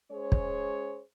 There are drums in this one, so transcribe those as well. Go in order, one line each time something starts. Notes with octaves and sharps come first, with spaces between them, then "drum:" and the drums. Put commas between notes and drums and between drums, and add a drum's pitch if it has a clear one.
G#3 C#4 G#4 C5 C#5
drum: kick